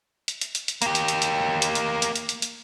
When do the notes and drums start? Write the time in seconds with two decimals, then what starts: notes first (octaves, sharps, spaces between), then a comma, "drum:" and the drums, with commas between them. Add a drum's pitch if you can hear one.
0.28 drum: hi-hat
0.41 drum: hi-hat
0.55 drum: hi-hat
0.68 drum: hi-hat
0.82 A#3 G4, drum: hi-hat
0.95 drum: hi-hat
1.08 drum: hi-hat
1.22 drum: hi-hat
1.62 drum: hi-hat
1.75 drum: hi-hat
2.02 drum: hi-hat
2.16 drum: hi-hat
2.29 drum: hi-hat
2.42 drum: hi-hat